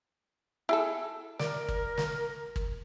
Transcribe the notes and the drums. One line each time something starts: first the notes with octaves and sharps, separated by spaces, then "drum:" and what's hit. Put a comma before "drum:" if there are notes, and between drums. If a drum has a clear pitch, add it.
E4 G#4 A4
A#4 D5, drum: snare
drum: kick
drum: snare
drum: kick